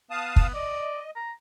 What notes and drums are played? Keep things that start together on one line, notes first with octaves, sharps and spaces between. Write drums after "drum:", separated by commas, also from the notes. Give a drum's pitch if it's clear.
B3 F5 A5 D#6
drum: kick
D5 D#5
A#5